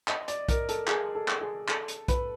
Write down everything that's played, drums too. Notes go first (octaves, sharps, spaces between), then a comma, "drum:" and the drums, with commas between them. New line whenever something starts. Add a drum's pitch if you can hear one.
D#5, drum: clap
D5, drum: hi-hat
A#4, drum: kick B1, hi-hat
A4, drum: hi-hat
G#4, drum: clap
A4
drum: clap
G#4
A4, drum: clap
drum: hi-hat
B4, drum: kick B1, hi-hat